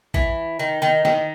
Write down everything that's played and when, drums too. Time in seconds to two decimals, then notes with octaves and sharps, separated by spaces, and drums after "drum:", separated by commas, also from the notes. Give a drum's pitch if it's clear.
0.14 E3, drum: kick A#1
0.59 D#3
0.82 D#3
1.05 D#3, drum: snare